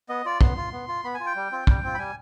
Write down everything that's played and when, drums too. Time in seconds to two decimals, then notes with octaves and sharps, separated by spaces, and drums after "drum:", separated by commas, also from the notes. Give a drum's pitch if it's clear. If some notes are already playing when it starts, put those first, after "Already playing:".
0.09 B3 D#5
0.25 F4 D5
0.41 B3 C6, drum: kick
0.57 F4
0.73 B3
0.88 F4
1.04 B3 B5
1.14 G#5
1.20 F4
1.26 G5
1.36 G3
1.52 C4 F4
1.67 G3, drum: kick
1.84 C4 F4
1.94 B5
1.99 G3 G#5